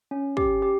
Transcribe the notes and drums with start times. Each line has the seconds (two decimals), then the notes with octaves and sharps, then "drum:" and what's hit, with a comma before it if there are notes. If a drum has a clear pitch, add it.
0.11 C#4
0.37 G4, drum: kick
0.62 G4